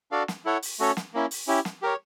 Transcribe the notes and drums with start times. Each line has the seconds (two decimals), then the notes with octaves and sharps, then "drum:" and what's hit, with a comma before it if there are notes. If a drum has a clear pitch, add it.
0.11 D4 F#4 A4 D5 F5
0.28 drum: snare
0.45 E4 A4 C#5 F#5
0.62 drum: open hi-hat
0.79 A3 C#4 F#4 A4 C#5
0.97 drum: snare
1.14 A#3 C#4 E4
1.31 drum: open hi-hat
1.47 C#4 E4 G4
1.65 drum: snare
1.82 G4 A#4 C#5